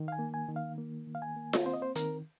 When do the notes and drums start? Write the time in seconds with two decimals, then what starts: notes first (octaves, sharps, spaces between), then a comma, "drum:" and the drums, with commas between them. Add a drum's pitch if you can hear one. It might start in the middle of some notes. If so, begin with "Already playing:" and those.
Already playing: D#3
0.08 F5
0.12 G#5
0.19 A#3
0.34 G#5
0.49 D#3
0.56 F5
0.78 A#3
1.07 D#3
1.15 F5
1.22 G#5
1.36 A#3
1.53 drum: snare F4
1.66 C4 C5
1.74 D#5
1.82 C5
1.95 D#3 A#4, drum: hi-hat